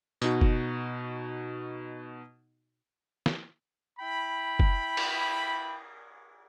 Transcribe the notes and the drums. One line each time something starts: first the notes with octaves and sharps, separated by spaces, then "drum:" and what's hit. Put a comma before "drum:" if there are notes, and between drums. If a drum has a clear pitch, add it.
B2 D#4 F#4, drum: tambourine
drum: kick
drum: snare
E4 G5 B5
drum: kick
drum: cymbal